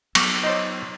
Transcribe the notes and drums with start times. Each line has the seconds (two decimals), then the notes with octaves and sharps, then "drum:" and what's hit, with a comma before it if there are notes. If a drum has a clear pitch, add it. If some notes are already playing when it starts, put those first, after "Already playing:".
0.15 F#3 B3 C#6 D6 F6, drum: cymbal
0.44 D#4 C5 C#5 D#5